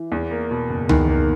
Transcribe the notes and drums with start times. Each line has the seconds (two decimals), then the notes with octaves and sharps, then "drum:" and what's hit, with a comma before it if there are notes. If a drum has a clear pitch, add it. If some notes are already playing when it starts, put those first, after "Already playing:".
Already playing: E3
0.12 E2
0.31 A#3
0.51 B2
0.70 F#1
0.89 E2 D#3, drum: tom C#2
1.08 A#3